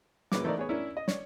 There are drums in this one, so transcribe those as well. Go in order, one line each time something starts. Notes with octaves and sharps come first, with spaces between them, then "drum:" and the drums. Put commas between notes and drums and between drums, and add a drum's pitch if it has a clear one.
F#2 A#2 C#3 B4 C#5 D6, drum: snare
E3 A3 C4 D#4 A#4 D5
B3 G#4 C#5
C#4 D4 E4 A#4
D#5
C#5 D5, drum: snare